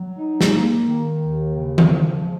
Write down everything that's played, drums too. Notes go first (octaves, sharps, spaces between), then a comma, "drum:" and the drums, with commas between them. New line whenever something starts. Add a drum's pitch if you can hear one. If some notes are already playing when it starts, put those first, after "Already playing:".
Already playing: F#3
D#4
drum: snare
A#3
D#3
D#2
C#3
drum: tom D#3
F3
G#3